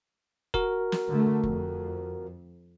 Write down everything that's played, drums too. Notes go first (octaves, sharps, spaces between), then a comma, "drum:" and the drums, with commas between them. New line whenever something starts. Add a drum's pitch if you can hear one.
F#4 A#4, drum: kick F1
drum: snare
D3 A3
F2, drum: kick F1